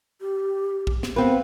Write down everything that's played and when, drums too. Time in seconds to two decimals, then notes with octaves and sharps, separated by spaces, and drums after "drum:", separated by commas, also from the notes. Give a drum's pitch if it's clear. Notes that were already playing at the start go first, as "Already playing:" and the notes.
0.21 G4
0.87 drum: kick
1.03 drum: snare
1.16 B3 C4 B4 F5